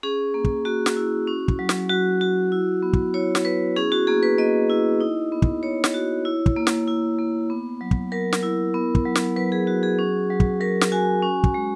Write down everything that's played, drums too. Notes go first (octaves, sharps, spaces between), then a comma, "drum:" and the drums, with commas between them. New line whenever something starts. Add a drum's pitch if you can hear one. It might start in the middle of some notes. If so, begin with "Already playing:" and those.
C#4 G#4
A#3
drum: kick
A#3 F#4
drum: snare
E4
C#4
drum: kick
F#3
drum: snare
F#3 F#4
F#4
E4
B3
drum: kick
E4 C#5
drum: snare
B3 B4
C#4 G#4
F#4
A#3 G#4
B4
A#3 D#5
E4
D#4
B3
drum: kick
B3 C#5
drum: snare
F#4
E4
drum: kick
A#3
drum: snare
E4
A#3
B3
F#3
drum: kick
F#3 A#4
drum: snare
E4
B3
drum: kick
F#3
drum: snare
F#3 B4
G#4
F#4
G#4
C#4
F#3
drum: kick
F#3 A#4
drum: snare
F#4 G#5
C#4
drum: kick
G#3